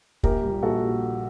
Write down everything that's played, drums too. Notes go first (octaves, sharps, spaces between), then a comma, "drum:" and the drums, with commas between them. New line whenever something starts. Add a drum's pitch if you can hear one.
A#1 G4 A#4, drum: kick
A#2 G3
A#1 F#4 A4
A#2 G3